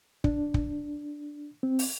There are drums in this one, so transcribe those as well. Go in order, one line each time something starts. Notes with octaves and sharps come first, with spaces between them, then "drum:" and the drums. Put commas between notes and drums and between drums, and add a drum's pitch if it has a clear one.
D4, drum: kick
drum: kick
C4
drum: open hi-hat